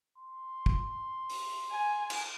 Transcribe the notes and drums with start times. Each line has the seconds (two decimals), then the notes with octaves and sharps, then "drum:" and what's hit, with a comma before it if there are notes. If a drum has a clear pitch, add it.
0.18 C6
0.66 drum: kick
1.30 drum: open hi-hat
1.71 G#5
2.10 drum: cymbal